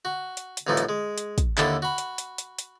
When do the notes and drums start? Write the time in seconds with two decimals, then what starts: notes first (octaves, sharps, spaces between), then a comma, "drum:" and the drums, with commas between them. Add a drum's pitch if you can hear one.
0.05 F#4
0.37 drum: hi-hat
0.57 drum: hi-hat
0.67 C2 A2 E3 F3 D#4
0.77 drum: hi-hat
0.89 G#3
1.18 drum: hi-hat
1.38 drum: kick, hi-hat
1.58 D#2 D3 E4 A4, drum: clap
1.82 F#4 B5
1.98 drum: hi-hat
2.18 drum: hi-hat
2.38 drum: hi-hat
2.59 drum: hi-hat